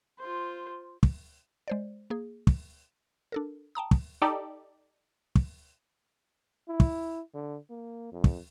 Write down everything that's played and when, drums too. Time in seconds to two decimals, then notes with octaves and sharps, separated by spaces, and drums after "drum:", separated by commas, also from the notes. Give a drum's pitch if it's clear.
0.19 F4 C5
1.03 drum: kick
1.68 G#3 C5 D5
2.10 A#3 G#4
2.47 drum: kick
3.32 D4 A4 A#4
3.75 G5 A5 A#5 D#6
3.91 drum: kick
4.22 D#4 G4 A4 D5
5.35 drum: kick
6.69 E4
6.80 drum: kick
7.34 D3
7.70 A#3
8.12 F2
8.24 drum: kick